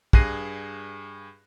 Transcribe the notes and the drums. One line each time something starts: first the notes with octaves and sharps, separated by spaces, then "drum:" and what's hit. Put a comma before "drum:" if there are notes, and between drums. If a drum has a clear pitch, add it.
G2 G#4 F#6 A#6 C7 D#7, drum: kick